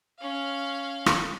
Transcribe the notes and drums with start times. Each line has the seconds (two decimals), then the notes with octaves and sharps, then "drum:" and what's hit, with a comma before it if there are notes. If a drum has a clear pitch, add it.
0.19 C#4 F5
1.06 drum: rim click